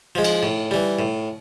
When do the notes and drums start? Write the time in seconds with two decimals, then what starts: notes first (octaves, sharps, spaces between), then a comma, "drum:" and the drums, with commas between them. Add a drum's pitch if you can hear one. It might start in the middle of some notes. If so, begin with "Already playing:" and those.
0.15 F3 G#3
0.24 drum: cymbal
0.43 A2
0.71 E3 G3
0.99 A2